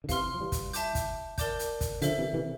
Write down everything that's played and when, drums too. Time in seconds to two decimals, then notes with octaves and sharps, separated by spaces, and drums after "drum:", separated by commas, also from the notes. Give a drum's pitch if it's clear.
0.04 D3
0.09 C3 E3 F5 C6 F6, drum: kick, hi-hat
0.34 F3
0.41 E3 G3
0.52 drum: kick, hi-hat
0.73 E5 A5 D6 G6, drum: hi-hat
0.95 drum: kick, hi-hat
1.38 A#4 D5 A5 D6 G6, drum: kick, hi-hat
1.59 drum: hi-hat
1.81 drum: kick, hi-hat
2.02 D3 F3 A4 C5 E5, drum: hi-hat
2.18 C3 E3
2.34 C3 E3